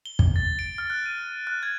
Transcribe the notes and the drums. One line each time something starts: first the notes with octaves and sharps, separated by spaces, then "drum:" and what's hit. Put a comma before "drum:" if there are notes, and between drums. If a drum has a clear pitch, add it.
G7
drum: kick
A6
D7
F6
F#6
D#7
F#6
G#6